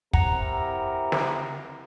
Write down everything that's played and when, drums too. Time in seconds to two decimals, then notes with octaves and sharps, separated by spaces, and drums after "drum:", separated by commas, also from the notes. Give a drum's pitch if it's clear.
0.13 C3 E4 A#4 F#5 A#5, drum: kick
1.12 drum: snare